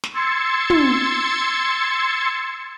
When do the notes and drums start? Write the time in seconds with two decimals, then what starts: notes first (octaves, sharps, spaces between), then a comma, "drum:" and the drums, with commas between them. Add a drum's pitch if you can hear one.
0.04 drum: snare
0.13 C6 E6 G#6 A6 C#7
0.70 drum: tom